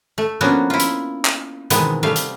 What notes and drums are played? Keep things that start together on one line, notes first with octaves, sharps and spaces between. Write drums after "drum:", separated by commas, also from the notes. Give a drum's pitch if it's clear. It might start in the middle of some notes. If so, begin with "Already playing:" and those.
A3
F3 A#3 B3 C#4 D4 F#4
E4 F4
drum: hi-hat
drum: clap
B2 D#3 E3 G#3 B3 C4, drum: hi-hat
C3 G3 A3 F5
drum: hi-hat